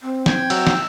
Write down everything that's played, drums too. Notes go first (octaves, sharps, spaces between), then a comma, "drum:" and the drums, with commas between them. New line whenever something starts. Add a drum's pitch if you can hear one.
C4
G5 G#6, drum: snare
F#3 E6, drum: cymbal
drum: snare